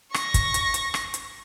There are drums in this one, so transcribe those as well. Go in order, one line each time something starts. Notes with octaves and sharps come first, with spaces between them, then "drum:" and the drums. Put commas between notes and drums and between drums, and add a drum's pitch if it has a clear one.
C#6 A#6, drum: rim click
drum: kick, hi-hat
drum: hi-hat
drum: hi-hat
drum: rim click
drum: hi-hat